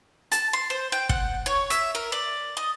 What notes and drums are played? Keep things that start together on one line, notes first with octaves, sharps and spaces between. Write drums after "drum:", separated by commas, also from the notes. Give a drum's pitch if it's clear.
A5, drum: hi-hat
C6
C5
G5
F#5, drum: kick
C#5
E5, drum: hi-hat
A#4
D5
D#5